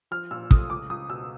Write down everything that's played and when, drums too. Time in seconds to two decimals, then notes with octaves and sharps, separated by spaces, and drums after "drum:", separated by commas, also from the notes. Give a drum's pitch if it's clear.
0.11 F3 F6
0.31 A#2 E6
0.51 A3 D#6, drum: kick
0.70 C#2 D6
0.90 C#2 D#6
1.09 B2 E6